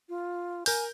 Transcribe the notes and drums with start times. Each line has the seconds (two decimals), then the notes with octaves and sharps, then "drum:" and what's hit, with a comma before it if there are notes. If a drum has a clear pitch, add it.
0.09 F4
0.66 A#4 G#5 G6, drum: open hi-hat